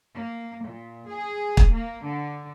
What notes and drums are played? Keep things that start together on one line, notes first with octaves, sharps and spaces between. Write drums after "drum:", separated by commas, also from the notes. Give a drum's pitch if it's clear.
A#3
A#2
G#4
drum: kick
A#3
D3